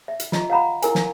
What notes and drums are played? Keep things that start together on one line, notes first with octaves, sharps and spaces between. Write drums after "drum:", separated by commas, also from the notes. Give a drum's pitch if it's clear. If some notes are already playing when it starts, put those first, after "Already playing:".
E5
drum: hi-hat
F4 D#5 A#5 C6, drum: snare
F5 F#5 A#5 B5
E4 A#4 G#5, drum: hi-hat
drum: snare